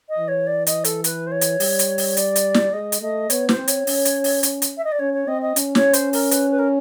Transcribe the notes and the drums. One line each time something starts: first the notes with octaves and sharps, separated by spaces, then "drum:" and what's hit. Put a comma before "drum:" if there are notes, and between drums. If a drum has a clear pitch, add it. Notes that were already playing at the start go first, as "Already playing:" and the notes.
D#5
E3
C#5
D5
D#5, drum: hi-hat
A4, drum: hi-hat
B4, drum: hi-hat
C5
C#5
drum: hi-hat
G3, drum: open hi-hat
drum: hi-hat
drum: open hi-hat
D5, drum: hi-hat
drum: hi-hat
drum: snare
G#3 D#5
drum: hi-hat
A3 D#5
B3 C#5, drum: hi-hat
C5, drum: snare
C4
C#5, drum: hi-hat
C#4, drum: open hi-hat
drum: hi-hat
drum: open hi-hat
drum: hi-hat
drum: hi-hat
E5
D#5
D5
C#4 C#5
C#5
C4 D#5
D#5
C#4, drum: hi-hat
C#5, drum: snare
C5, drum: hi-hat
A#4, drum: open hi-hat
B4, drum: hi-hat
B4
A#4